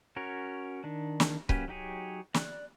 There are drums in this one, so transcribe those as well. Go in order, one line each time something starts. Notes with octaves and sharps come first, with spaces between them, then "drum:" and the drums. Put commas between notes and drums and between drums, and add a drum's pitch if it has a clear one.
C#4 F#4 A#4 C#5
D#3 D4
drum: snare
F#3 A#3 C#4 G4 B4, drum: kick C#1
F#3 D#4 G4 G#4 C#5
D5 F#6, drum: snare